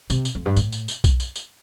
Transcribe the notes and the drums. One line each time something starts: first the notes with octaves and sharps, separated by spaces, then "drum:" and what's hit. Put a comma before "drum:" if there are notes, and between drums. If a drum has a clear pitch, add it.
C3, drum: tambourine
drum: tambourine
F2
G2
A2, drum: tambourine
drum: tambourine
drum: tambourine
drum: kick B1, tambourine
drum: tambourine
drum: tambourine